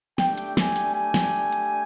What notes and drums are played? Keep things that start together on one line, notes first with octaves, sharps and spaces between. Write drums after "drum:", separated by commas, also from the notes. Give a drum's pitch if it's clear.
A3 D4 G4 G5, drum: snare
drum: hi-hat
G#5, drum: snare
drum: hi-hat
G#5
drum: snare
drum: hi-hat